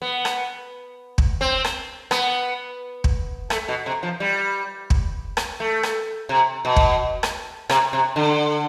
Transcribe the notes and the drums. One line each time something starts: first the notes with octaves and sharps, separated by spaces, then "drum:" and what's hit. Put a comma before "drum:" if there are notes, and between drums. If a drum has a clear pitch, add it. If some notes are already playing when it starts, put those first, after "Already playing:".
B3
drum: rim click
drum: kick
C4
drum: rim click
B3, drum: rim click
drum: kick
A3, drum: rim click
B2
C3
F3
G3
drum: kick
drum: rim click
A3
drum: rim click
C3
B2
drum: kick
drum: rim click
C3, drum: rim click
C3
D3